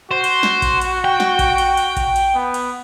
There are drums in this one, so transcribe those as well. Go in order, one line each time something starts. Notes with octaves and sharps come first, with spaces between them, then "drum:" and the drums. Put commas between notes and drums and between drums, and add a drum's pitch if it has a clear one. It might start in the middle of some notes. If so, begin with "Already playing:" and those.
F#4 C5
drum: cymbal
drum: snare
drum: kick A#1, cymbal
drum: cymbal
G5
drum: snare
drum: kick A#1, cymbal
drum: cymbal
drum: cymbal
drum: kick A#1, cymbal
drum: cymbal
B3
drum: cymbal